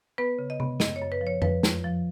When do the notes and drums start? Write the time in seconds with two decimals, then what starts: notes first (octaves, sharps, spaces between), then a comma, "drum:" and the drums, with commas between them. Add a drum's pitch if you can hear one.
0.18 B3 B4
0.39 C#3
0.50 D#5
0.60 B3, drum: tom C3
0.80 F#2 D#5, drum: snare
0.96 C#5
1.01 F#2
1.12 B4
1.21 F3
1.27 C#5
1.42 F3 B4, drum: tom F2
1.63 F2, drum: snare
1.84 F3